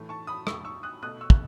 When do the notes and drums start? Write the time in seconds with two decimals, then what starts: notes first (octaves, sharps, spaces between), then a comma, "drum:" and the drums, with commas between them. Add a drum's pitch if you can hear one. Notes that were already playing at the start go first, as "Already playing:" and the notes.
Already playing: A2 E3 A3
0.09 A5 C#6
0.27 B5 D#6
0.47 C#6 E6, drum: rim click
0.65 C#6 E6
0.83 D#6 F#6
1.02 B2 A3 D#6 F#6
1.21 C#6 E6
1.30 drum: kick